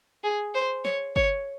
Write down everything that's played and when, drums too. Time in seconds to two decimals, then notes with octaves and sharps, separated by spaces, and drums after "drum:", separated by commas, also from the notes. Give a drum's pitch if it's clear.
0.24 G#4
0.55 C5
0.85 C#5, drum: snare
1.16 C#5, drum: kick G1